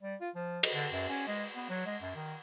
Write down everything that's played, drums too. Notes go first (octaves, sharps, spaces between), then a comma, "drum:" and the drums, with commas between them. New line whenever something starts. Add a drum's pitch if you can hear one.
G3
F4
F3
drum: cymbal
D3
F#2
C#4
G#3
B3
F#3
G#3
F#2
D#3